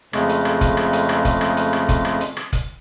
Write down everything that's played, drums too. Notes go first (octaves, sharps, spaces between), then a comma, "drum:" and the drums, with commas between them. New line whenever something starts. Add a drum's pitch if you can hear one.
F2 C#3 G#3 A3, drum: rim click
drum: hi-hat
drum: rim click
drum: kick, hi-hat
drum: rim click
drum: hi-hat
drum: rim click
drum: kick, hi-hat
drum: rim click
drum: hi-hat
drum: rim click
drum: kick, hi-hat
drum: rim click
drum: hi-hat
drum: rim click
drum: kick, hi-hat